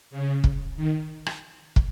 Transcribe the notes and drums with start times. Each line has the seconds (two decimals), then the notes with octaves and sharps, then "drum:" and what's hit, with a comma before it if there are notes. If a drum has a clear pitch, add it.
0.11 C#3
0.44 drum: kick
0.77 D#3
1.26 drum: rim click
1.76 drum: kick